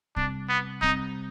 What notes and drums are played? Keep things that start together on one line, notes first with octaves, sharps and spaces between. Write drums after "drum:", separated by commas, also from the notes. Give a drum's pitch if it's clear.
C3 G3 C4 D4, drum: kick
B3
C3 G3 C4 D#4, drum: kick